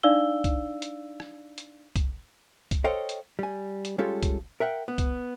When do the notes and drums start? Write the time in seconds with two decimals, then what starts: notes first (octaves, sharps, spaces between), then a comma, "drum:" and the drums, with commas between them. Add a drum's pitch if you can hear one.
0.03 D4 D#4 D5 F5 E6 G7
0.44 drum: kick, hi-hat
0.82 drum: hi-hat
1.20 drum: rim click
1.58 drum: hi-hat
1.96 drum: kick, hi-hat
2.71 drum: kick, hi-hat
2.84 A4 C5 C#5 D#5 F5 G5
3.09 drum: hi-hat
3.39 G3 G#5
3.85 drum: hi-hat
3.98 G3 G#3 C#4 F4 G4 A4
4.23 drum: kick, hi-hat
4.60 A#4 E5 F#5 G5
4.88 B3
4.98 drum: kick, hi-hat